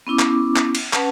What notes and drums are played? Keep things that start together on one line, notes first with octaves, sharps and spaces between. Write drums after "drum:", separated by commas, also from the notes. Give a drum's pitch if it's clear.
B3 C#4 E4 D6
drum: clap
drum: clap
drum: cymbal
C#4 B4 F#5 A5, drum: clap